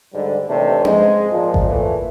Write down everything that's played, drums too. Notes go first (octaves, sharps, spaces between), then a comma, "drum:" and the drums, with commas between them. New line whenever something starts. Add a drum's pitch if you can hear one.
G#2 D3 G3
D#2 C3 E3 A3 D4
G#2 G#3, drum: tom C4
A#2 F3
drum: kick A1
A#2 E3 A3